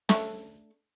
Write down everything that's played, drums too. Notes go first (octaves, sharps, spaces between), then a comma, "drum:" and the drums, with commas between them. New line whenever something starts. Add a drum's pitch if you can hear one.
A3 D4 A4, drum: snare